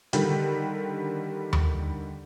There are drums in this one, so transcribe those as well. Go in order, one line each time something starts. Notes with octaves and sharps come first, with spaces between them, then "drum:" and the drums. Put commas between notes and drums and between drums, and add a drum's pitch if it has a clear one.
D3 D#3 G3, drum: hi-hat
drum: tom D#2